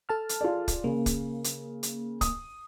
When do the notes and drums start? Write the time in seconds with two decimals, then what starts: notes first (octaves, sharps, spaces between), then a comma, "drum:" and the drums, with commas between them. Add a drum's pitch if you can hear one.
0.09 A4 A5 F6
0.29 drum: hi-hat
0.41 F4 G#4 D5
0.68 drum: kick, hi-hat
0.84 C#3 A#3
1.06 drum: kick, hi-hat
1.44 drum: hi-hat
1.83 drum: hi-hat
2.21 D#6, drum: kick, hi-hat